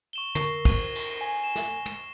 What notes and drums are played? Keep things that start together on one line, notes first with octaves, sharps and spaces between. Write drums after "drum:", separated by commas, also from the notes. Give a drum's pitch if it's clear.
C#6 E7 G7
A#4 C#6 A#6 C7, drum: tom
drum: kick, cymbal
drum: cymbal
G#5
E7
drum: snare
drum: tom